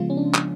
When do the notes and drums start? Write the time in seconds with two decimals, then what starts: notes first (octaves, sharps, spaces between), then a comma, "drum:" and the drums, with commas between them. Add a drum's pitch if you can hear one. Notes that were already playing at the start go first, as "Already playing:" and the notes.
Already playing: C#3 F3 G#3 B3 F4
0.10 C#4
0.17 D4
0.34 drum: clap